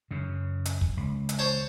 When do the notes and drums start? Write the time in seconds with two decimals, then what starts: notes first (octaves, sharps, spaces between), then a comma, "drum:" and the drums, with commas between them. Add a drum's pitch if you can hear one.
0.11 F#2 C#3
0.65 drum: hi-hat
0.81 drum: kick
0.97 C#2
1.29 drum: hi-hat
1.39 C5 C#5 A5